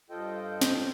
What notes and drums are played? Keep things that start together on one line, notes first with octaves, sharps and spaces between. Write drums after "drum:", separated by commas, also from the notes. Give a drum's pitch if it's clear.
G2 F4 A4 C5 D#5 G5
drum: snare